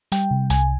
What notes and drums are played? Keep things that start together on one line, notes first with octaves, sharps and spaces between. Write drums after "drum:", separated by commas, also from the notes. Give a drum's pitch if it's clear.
G3 G5, drum: hi-hat
C3
C2 G#5, drum: hi-hat